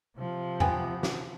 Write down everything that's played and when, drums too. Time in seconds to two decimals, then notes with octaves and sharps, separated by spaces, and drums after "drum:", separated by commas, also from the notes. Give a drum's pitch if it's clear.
0.16 C3 F3
0.60 B3 G5 G#5, drum: tom E2
1.03 drum: snare